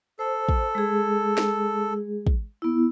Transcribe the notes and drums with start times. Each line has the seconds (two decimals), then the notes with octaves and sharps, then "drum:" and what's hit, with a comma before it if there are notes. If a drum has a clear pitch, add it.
0.19 A4 C5
0.49 drum: kick
0.75 G#3 G#4
1.38 drum: snare
2.27 drum: kick
2.62 B3 E4